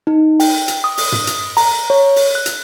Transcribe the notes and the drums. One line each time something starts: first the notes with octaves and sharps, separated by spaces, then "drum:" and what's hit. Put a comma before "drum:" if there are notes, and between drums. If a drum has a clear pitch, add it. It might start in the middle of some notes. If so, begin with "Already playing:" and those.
D#4
G5, drum: open hi-hat
drum: hi-hat
D#6
drum: open hi-hat
drum: tom
drum: hi-hat
A#5, drum: open hi-hat
C#5
drum: open hi-hat
F#6
drum: hi-hat